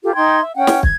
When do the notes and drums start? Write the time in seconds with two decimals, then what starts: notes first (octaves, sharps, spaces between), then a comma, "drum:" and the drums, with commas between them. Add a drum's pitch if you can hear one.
0.03 F4 G4 A4
0.14 D#4 G5 C6 G#6
0.41 E5
0.56 C#4 F#5 G5
0.67 drum: snare
0.83 G#6, drum: kick